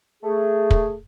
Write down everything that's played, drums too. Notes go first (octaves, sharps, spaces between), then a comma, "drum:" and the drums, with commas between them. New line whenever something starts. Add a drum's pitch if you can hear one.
A3 G#4
drum: kick